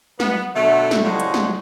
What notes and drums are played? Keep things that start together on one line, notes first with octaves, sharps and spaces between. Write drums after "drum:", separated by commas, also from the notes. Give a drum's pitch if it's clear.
B3, drum: snare
B2 D3 F#3 A3
drum: snare
A2 C#3 F3 G3 G#3 F#4
drum: hi-hat
drum: snare